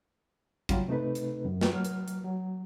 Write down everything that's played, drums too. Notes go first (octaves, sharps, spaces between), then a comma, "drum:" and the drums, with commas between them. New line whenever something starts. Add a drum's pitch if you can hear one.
C#3 F#3 G3 C#4 F4 G4, drum: kick, hi-hat
C3 A3 D#4 A4 B4
drum: hi-hat
F#2
drum: snare
F#3 F6
drum: hi-hat
drum: hi-hat
F#3